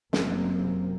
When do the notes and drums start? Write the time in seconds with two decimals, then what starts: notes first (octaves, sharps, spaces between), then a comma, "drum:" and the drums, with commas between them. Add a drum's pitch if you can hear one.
0.13 F#1 F#2 C3 A#3 C4, drum: snare